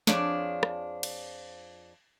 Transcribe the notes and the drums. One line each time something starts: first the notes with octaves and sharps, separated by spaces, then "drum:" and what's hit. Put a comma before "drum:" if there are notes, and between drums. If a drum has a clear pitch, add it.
F2 F3 D4 G#4 C#5, drum: snare
drum: rim click
drum: cymbal